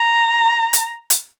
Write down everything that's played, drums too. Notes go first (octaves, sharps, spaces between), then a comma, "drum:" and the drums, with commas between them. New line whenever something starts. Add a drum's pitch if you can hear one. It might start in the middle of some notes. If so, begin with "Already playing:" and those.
Already playing: A#5
drum: hi-hat
drum: hi-hat